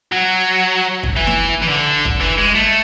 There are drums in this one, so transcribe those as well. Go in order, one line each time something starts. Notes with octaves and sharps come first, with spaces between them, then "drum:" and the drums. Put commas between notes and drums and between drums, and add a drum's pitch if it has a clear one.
F#3
drum: kick
E3
drum: snare
E3
D3
drum: kick
E3
G#3
A3